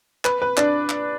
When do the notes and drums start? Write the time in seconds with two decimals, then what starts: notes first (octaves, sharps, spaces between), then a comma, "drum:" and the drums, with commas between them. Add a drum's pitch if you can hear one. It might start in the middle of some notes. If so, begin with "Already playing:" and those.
0.25 B4, drum: clap
0.42 B4
0.57 D4 D5, drum: clap
0.89 drum: clap